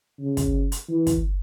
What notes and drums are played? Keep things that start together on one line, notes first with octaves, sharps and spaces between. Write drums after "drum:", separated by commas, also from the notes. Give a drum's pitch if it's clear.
C#3
drum: kick, hi-hat
drum: hi-hat
E3
drum: kick, hi-hat